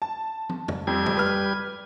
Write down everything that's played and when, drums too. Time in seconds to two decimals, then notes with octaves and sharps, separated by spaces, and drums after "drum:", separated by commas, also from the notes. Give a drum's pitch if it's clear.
0.02 A5
0.49 drum: tom
0.68 drum: tom
0.87 F2 G3 G4 G#6
1.06 drum: tom
1.17 B4 F6